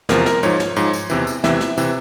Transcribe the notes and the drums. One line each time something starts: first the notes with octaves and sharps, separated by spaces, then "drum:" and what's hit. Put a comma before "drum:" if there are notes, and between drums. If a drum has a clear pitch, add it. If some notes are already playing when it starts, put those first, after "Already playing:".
E2 C3 F3 A#4, drum: snare
A#4, drum: snare
G#2 F3 C#5, drum: tambourine
drum: snare
G#2 F3, drum: tambourine
drum: tambourine
E2 C3 E3, drum: tambourine
drum: tambourine
E2 C3 E3 E5, drum: snare
drum: snare
C3 E3, drum: tambourine